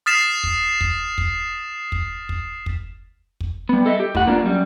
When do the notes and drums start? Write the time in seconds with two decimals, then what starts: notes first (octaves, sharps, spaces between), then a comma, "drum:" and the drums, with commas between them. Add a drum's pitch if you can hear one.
0.06 D#6 F6 A6 B6 C7 E7
0.44 drum: kick
0.81 drum: kick
1.18 drum: kick
1.92 drum: kick
2.29 drum: kick
2.66 drum: kick
3.40 drum: kick
3.69 G3 B3
3.86 A4 D#5 E5
4.00 G4
4.15 A2 F#5, drum: kick
4.27 A#3 D4 F4
4.43 F#2 G3